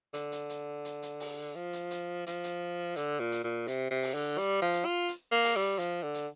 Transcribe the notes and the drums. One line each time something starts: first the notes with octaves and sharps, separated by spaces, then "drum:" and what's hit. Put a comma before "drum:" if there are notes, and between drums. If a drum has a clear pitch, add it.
D3, drum: hi-hat
drum: hi-hat
drum: hi-hat
drum: hi-hat
drum: hi-hat
drum: open hi-hat
F3
drum: hi-hat
drum: hi-hat
F3, drum: hi-hat
drum: hi-hat
D3, drum: hi-hat
A#2
drum: hi-hat
A#2
C3, drum: hi-hat
C3
drum: open hi-hat
D3
G3, drum: hi-hat
F3
drum: hi-hat
F4
drum: hi-hat
A#3
drum: open hi-hat
G3
F3, drum: hi-hat
D3
drum: hi-hat